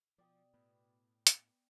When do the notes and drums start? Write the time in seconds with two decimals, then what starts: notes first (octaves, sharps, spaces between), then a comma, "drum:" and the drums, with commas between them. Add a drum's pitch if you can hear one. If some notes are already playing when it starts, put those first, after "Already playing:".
0.18 B2 F3 D5 G5 D#6
0.54 A2 B3
1.27 drum: hi-hat